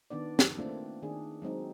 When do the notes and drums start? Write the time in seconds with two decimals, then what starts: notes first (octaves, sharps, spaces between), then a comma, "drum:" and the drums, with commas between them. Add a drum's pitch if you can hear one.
0.10 D#3 B3 D4 D5
0.39 drum: snare
0.59 A3 A#3 C4 D4 F4
1.02 D#3 D4 G#4
1.42 F#3 G#3 C4 D#4